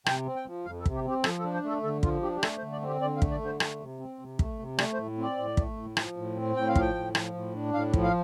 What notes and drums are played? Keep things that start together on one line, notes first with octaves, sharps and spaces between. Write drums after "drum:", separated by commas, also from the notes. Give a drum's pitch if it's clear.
C3 G5, drum: rim click
C4
G5
F3
F2 F5
A4
C3, drum: kick
G4
C4 G4
F3 A4, drum: rim click
A4
D4
C5
A3 A4
D3 A4
F3 F4, drum: kick
D4 G4
G4
A3 A4, drum: rim click
C5
D3
D5
C4 G4
D3 D5
F5
A3, drum: kick
D5
D3 C5
A3, drum: rim click
C3
C4
C3
A3, drum: kick
C3
A3 D5, drum: rim click
C5
A2
C4 D5
A2
A3, drum: kick
A2
F3, drum: rim click
A2
C4
A2 G5
F5
F3, drum: kick
G5
A2
F3, drum: rim click
A2
D4
A2 F5
F3, drum: kick
F5